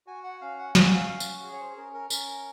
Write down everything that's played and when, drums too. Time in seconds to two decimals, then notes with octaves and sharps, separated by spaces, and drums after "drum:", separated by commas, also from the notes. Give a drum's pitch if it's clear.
0.07 F#4 G#5
0.24 F#5
0.41 C#4 F5
0.59 F#5
0.75 F#4 F5, drum: snare
0.83 F#5
0.92 F5
1.10 C#4
1.20 drum: tambourine
1.43 G#4
1.53 C#5
1.60 C5
1.72 G#4
1.77 C#4 A#4
1.94 A#4
2.10 C#4 A#4, drum: tambourine